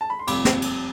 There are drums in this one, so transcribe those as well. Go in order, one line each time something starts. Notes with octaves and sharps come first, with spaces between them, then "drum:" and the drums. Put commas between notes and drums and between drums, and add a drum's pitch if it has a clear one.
A5
B5
C6
F1 F2 C3 G3 B5 D6, drum: cymbal
drum: snare
drum: cymbal